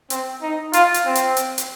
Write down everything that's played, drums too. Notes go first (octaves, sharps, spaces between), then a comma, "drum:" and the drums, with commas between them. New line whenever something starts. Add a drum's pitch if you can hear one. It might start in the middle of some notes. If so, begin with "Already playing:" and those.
C4, drum: hi-hat
D#4
F4, drum: hi-hat
drum: hi-hat
C4
drum: hi-hat
drum: hi-hat
drum: hi-hat